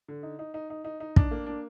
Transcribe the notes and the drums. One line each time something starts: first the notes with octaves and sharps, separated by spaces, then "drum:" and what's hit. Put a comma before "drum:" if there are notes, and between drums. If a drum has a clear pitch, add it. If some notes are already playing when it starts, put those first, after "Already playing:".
D3
D#4
D#4
D#4
D#4
D#4
D#4
D4, drum: kick
A#3
D4